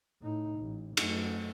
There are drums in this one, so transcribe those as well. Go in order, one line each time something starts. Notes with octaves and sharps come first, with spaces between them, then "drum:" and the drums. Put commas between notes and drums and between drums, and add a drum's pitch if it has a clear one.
A2 D#4
A1
F#2 A3, drum: cymbal